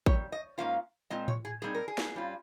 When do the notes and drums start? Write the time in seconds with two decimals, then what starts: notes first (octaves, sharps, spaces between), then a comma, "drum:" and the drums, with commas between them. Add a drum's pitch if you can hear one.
0.06 A#2 G3 C#5, drum: kick A1
0.32 D#5
0.58 G#2 D#3 A#3 C#4 F4 F5
1.10 A#2 G#3 C4 F4 D#5
1.28 C#5, drum: tom A2
1.45 G#4
1.62 A#2 G3 C4 D#4 G#4
1.75 A#4
1.88 G#4
1.98 drum: snare
2.15 G2 G3 C#4 F4